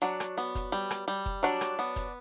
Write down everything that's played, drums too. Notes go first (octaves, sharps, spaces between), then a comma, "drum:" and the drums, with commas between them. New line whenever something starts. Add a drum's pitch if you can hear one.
F#3 D4 F#4, drum: hi-hat
drum: rim click
B3, drum: hi-hat
drum: kick F1, hi-hat
G3, drum: hi-hat
drum: rim click
G3, drum: hi-hat
drum: kick F1
F#3 D4 F#4, drum: hi-hat
drum: rim click
B3, drum: hi-hat
drum: kick F1, hi-hat